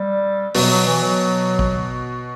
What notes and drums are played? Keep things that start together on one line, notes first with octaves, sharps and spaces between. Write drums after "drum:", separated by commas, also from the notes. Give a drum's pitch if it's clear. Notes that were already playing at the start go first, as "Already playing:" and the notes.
Already playing: G3
B2 F#3, drum: open hi-hat
F#3
E3
F#3
drum: kick